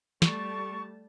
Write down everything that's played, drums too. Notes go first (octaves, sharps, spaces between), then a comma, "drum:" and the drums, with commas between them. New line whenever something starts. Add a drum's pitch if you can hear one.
G3 A3 A5 C#6, drum: snare